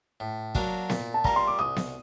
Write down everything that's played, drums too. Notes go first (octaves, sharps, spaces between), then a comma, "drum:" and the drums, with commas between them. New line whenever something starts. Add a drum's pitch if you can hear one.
A2
F#3 A#3 D4 F#4, drum: kick
A#2, drum: snare B3
A5
G3 A#3 A#5, drum: kick
C6
D6
C2 D#6
drum: snare B3